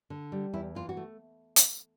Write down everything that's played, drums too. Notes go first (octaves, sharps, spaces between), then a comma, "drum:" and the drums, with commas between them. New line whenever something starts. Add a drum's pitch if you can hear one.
D3
G3
E2 E4
E3 F4
F#4
A3
drum: hi-hat